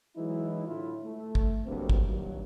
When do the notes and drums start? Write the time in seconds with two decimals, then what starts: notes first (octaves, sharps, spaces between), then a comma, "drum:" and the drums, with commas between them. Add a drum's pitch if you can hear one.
0.17 E3 F#3 G#3 D#4 E4
0.68 A2 D3 A3 E4 F4
1.04 A3
1.35 drum: kick
1.66 D2 G2 F#3 A3 A#3 C4
1.90 drum: kick
2.08 G2 A#2 D#3 F#3